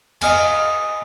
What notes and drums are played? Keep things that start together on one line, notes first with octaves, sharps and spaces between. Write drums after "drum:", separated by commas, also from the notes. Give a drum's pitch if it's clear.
D#5 F5 G#5, drum: cymbal